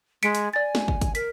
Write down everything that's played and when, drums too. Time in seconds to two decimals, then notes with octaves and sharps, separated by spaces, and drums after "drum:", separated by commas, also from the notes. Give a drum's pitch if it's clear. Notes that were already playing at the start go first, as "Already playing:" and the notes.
0.23 G#3 B6 C#7 D7, drum: hi-hat
0.35 drum: hi-hat
0.53 D5 G#5 A6
0.75 drum: snare
0.88 drum: kick
1.01 drum: kick, hi-hat
1.15 A#4 B6, drum: hi-hat